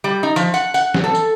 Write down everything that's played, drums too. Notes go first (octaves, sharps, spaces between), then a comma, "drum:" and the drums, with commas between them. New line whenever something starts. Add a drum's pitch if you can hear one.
G3
D#4
F3, drum: tambourine
F#5, drum: tambourine
F#5, drum: tambourine
drum: snare
A4
drum: tambourine